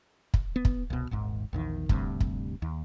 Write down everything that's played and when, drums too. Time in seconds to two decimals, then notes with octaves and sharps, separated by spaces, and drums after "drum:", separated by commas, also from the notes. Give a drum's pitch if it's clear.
0.34 drum: kick
0.56 B3
0.65 drum: kick
0.90 C2 B2
1.11 D#1 G#1 G#2
1.53 A#1 E2 D#3
1.89 D2 G2 C3, drum: kick
2.20 drum: kick
2.62 D#2